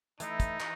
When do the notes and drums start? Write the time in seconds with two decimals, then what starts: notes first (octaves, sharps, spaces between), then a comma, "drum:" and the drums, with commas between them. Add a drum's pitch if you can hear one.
0.20 E3 A3 D#4 E4, drum: hi-hat
0.40 drum: kick, hi-hat
0.60 E3, drum: clap